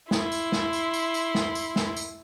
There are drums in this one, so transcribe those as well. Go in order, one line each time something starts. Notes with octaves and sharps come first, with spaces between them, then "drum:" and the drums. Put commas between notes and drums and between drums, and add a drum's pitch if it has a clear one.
E4 C6, drum: snare
drum: tambourine
drum: snare
drum: tambourine
drum: tambourine
drum: tambourine
drum: snare
drum: tambourine
drum: snare
drum: tambourine